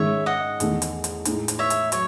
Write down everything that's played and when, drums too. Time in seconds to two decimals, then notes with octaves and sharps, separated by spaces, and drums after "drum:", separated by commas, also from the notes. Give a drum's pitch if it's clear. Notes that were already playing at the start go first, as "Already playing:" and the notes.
Already playing: G#2 D#3 G#3 C#4 G#4 C#5 E5
0.26 D#5 F#5
0.60 E2 D#3 A3, drum: hi-hat
0.82 drum: hi-hat
1.04 drum: hi-hat
1.25 A2 G#3 D#4 G#4, drum: hi-hat
1.48 drum: hi-hat
1.59 C#5 E5
1.70 drum: hi-hat
1.92 F#3 C#5, drum: hi-hat